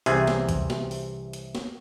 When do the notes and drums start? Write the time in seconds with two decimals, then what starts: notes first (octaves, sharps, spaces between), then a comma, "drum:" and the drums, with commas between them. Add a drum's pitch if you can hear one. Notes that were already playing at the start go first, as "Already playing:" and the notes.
0.06 C2 C3 E3 F4 G#4, drum: hi-hat
0.27 drum: snare
0.49 drum: kick, hi-hat
0.70 drum: snare
0.91 drum: open hi-hat
1.33 drum: hi-hat
1.55 drum: snare